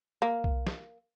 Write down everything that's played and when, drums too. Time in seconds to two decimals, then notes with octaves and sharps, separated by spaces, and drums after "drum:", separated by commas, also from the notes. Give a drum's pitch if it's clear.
0.22 A#3
0.44 drum: kick B1
0.67 drum: snare